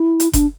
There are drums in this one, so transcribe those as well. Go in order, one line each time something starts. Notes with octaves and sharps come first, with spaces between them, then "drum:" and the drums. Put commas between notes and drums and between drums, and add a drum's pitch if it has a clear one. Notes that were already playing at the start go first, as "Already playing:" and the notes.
Already playing: E4
drum: hi-hat
D4, drum: kick F#1, hi-hat